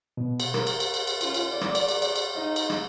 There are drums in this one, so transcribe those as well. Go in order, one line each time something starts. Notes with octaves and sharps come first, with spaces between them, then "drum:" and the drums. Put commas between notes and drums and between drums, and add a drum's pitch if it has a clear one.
B2
drum: cymbal
A#4, drum: rim click
drum: cymbal
drum: cymbal
drum: cymbal
drum: cymbal
C#4 F4, drum: cymbal
drum: cymbal
D5
drum: rim click
drum: cymbal
drum: cymbal
drum: cymbal
drum: cymbal
D#4 D#5
drum: cymbal
drum: rim click